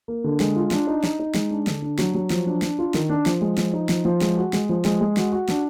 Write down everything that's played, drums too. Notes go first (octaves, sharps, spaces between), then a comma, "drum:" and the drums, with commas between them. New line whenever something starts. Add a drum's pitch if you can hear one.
A#3
D3
G#3, drum: snare
F4
D4, drum: snare
D#4
D#4, drum: snare
D#4
G#3, drum: snare
D4
D3, drum: snare
D4
F#3, drum: snare
F#3
F3, drum: snare
D4
D4, drum: snare
F4
D#3, drum: snare
D4
F3, drum: snare
G#3
F3, drum: snare
D#4
F3, drum: snare
F3
G#3, drum: snare
F#4
G#3, drum: snare
F3
G#3, drum: snare
G#3
F#4, drum: snare
F#4
D4, drum: snare